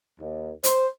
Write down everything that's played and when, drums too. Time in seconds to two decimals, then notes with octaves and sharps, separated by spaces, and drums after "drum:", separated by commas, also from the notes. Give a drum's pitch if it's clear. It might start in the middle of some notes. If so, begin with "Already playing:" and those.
0.20 D#2
0.64 C5, drum: hi-hat